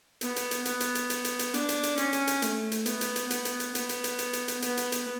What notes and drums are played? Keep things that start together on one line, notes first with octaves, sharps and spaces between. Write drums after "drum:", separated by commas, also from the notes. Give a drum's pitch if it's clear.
B3, drum: hi-hat
drum: hi-hat
drum: hi-hat
B3, drum: hi-hat
drum: hi-hat
drum: hi-hat
drum: hi-hat
drum: hi-hat
drum: hi-hat
D4, drum: hi-hat
drum: hi-hat
drum: hi-hat
C#4, drum: hi-hat
drum: hi-hat
drum: hi-hat
A3, drum: hi-hat
drum: hi-hat
B3, drum: hi-hat
drum: hi-hat
drum: hi-hat
B3, drum: hi-hat
drum: hi-hat
drum: hi-hat
B3, drum: hi-hat
drum: hi-hat
drum: hi-hat
drum: hi-hat
drum: hi-hat
drum: hi-hat
B3, drum: hi-hat
drum: hi-hat
drum: hi-hat